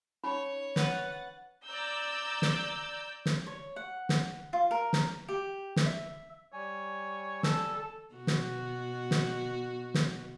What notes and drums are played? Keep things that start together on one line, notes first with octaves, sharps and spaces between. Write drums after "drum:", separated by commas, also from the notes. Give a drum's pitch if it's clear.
C#4 D#4 C#5 B5
B4 F#5 A6, drum: snare
D5 A#5 E6 G6
drum: snare
drum: snare
C#5
F#5
drum: snare
F4
A#4
drum: snare
G4
drum: snare
E5
G3 C#5 G#5
A4 E6, drum: snare
B2 F#4
drum: snare
drum: snare
drum: snare